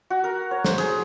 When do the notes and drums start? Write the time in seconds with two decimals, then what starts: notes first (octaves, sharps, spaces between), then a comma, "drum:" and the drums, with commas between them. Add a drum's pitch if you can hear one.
0.10 F#4
0.24 A#4
0.51 C#5
0.65 C5, drum: snare
0.78 G#4, drum: cymbal